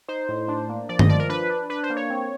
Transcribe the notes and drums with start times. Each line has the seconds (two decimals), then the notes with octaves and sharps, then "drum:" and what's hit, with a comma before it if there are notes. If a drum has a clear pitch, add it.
0.08 D#4 C5
0.29 A2
0.48 D4
0.69 A#3
0.89 F3 D5
0.99 D#5, drum: tom G2
1.09 F3 D5
1.19 A#4
1.29 D4 B4
1.49 D4
1.70 D4 B4
1.83 C5
1.90 A#3
1.96 C#5
2.10 C4